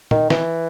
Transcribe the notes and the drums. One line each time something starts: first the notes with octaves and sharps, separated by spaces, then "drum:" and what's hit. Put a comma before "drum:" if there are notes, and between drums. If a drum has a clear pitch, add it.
D#3, drum: tom A#2
E3, drum: snare